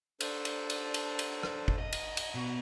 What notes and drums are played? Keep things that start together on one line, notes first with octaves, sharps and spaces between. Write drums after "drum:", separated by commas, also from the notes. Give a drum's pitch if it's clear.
D4 A4 C5, drum: cymbal
drum: cymbal
drum: cymbal
drum: cymbal
drum: cymbal
drum: rim click
drum: kick
D#5
drum: cymbal
drum: cymbal
B2